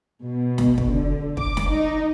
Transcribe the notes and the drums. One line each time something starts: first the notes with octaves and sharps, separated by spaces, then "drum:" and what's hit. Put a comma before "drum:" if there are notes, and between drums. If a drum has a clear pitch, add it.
B2
drum: snare
drum: kick
D3
D6, drum: kick
drum: snare
D#4